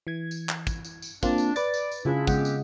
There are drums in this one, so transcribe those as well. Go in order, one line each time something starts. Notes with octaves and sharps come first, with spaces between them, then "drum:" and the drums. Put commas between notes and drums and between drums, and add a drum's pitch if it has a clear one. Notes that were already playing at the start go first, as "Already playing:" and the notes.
E3 G#6
drum: tambourine
drum: clap
drum: kick, tambourine
drum: tambourine
drum: tambourine
A#3 C4 D4 F4, drum: kick, tambourine
drum: tambourine
B4 D5 D6 A6, drum: tambourine
drum: tambourine
drum: tambourine
C#3 D4 E4 F4 G#4
C#3 G#3 B3 C4 G4 F#5, drum: kick, tambourine
drum: tambourine